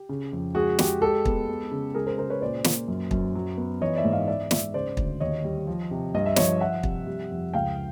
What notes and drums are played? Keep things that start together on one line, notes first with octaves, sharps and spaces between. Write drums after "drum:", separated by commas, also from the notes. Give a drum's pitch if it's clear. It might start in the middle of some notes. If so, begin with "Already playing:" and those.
Already playing: G4
C#3
F2
G#3 F#4 G#4
G#3 G4, drum: snare
G#3 G4 A4
B3, drum: kick
G#3
C#3
G#3 G#4 A#4
A#4 C5
C#3 A#4 C5
B4 C#5
A#2 C5 D5
A#3, drum: snare
F#2
F#2, drum: kick
F#3
B3
E3 C#5 D#5
D5 E5
G#2
D#5 F5
B3 D5 E5
G#2 D5 E5, drum: snare
C#3 C5 D5
D2, drum: kick
D#2 C#5 D#5
G3
F3
C3
G2 D#5
E5
F3 C#5 D#5, drum: snare
F3 E5 F#5
C3, drum: kick
G3
F2
C#2 F5 G5